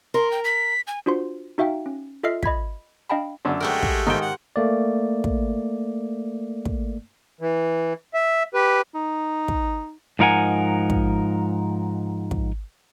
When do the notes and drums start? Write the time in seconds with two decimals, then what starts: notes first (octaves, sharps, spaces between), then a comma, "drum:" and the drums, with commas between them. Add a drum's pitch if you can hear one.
0.14 A#4 C6
0.31 G5
0.44 B6
0.87 G#5
1.06 D4 F4 F#4 C5 C6
1.58 D#4 F#4 E5 F5 G5
1.86 C#4
2.23 F4 A4 D#5 E5 F6 C7
2.43 D#5 B5 G#6 B6, drum: kick
3.10 D4 D#5 F5 G5 A5 B5
3.45 F#2 D3 D4
3.60 G#3 A3 F#4 G4 A#4
3.83 drum: kick
4.06 G#2 D#3 F4 G5
4.21 F#5
4.56 A3 A#3 D5
5.24 drum: kick
6.65 drum: kick
7.41 E3
8.14 E5
8.54 G4 B4
8.94 D#4
9.48 drum: kick
10.19 G#2 F3 D#4 A#4 F#5 G#5
10.90 drum: kick
12.31 drum: kick